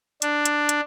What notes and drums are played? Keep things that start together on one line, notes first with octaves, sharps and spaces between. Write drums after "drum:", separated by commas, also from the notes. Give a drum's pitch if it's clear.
D4, drum: hi-hat
drum: hi-hat
drum: hi-hat